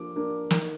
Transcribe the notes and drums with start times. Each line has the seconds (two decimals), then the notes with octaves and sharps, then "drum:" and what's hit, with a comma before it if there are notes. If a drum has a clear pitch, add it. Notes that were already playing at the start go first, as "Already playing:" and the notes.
Already playing: F3 A#3 D4 D6
0.16 A#3 D4
0.51 D#3, drum: snare